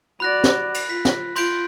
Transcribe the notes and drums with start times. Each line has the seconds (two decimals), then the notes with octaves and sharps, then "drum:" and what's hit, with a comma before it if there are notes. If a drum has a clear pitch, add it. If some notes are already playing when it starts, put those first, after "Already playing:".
0.20 F#4 D5 B5 F#6 A#6
0.44 drum: snare
0.74 drum: cymbal
0.90 F4 B6
1.05 drum: snare
1.36 F4 C6 G6 D7, drum: cymbal